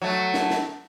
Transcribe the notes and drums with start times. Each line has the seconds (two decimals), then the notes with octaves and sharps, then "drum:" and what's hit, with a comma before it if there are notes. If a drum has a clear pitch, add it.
0.02 F#3 A3
0.34 drum: snare
0.50 drum: snare